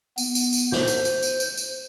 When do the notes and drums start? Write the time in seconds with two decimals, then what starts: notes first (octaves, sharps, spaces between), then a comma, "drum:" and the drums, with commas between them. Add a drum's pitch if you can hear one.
0.18 B3, drum: tambourine
0.35 drum: tambourine
0.53 drum: tambourine
0.72 C5, drum: snare
0.88 drum: tambourine
1.05 drum: tambourine
1.23 drum: tambourine
1.40 drum: tambourine
1.57 drum: tambourine